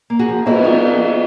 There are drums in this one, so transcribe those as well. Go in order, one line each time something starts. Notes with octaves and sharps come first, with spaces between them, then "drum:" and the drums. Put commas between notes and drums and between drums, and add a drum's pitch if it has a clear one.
A#3
F#4 G#4
F3
A#3 E4 F#4, drum: cymbal
F3 D#4 F4